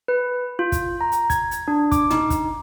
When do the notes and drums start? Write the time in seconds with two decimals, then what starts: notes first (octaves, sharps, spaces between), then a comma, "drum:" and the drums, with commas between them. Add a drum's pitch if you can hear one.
0.08 B4
0.59 F4
0.72 drum: kick, hi-hat
1.01 A#5
1.12 drum: hi-hat
1.30 G#6, drum: kick, hi-hat
1.51 drum: hi-hat
1.68 D4
1.92 D6, drum: kick, hi-hat
2.10 D#4, drum: tom
2.30 drum: kick, hi-hat